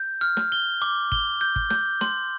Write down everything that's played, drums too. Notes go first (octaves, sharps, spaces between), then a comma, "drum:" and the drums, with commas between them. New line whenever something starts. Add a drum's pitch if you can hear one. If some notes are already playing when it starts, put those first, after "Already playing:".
Already playing: G6
F6
drum: snare
G7
D6
G7, drum: kick
G6
drum: kick
G6, drum: snare
C6, drum: snare